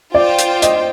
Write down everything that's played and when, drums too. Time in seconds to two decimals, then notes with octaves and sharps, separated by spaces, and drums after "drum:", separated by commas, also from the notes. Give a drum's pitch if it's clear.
0.14 F4 C5 D5 G5
0.39 drum: hi-hat
0.62 D#5, drum: hi-hat